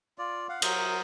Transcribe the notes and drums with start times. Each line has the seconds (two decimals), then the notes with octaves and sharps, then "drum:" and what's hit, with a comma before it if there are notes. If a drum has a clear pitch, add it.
0.18 F4 D5
0.49 F5 F#5
0.62 F#3 A#4 C5 D#6, drum: cymbal